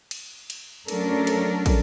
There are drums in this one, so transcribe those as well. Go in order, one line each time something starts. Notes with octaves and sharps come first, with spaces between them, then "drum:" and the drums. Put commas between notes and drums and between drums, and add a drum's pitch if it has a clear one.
drum: cymbal
drum: cymbal
F#3 A3 C#4 D4 A4 A#4, drum: cymbal
drum: cymbal
drum: kick, cymbal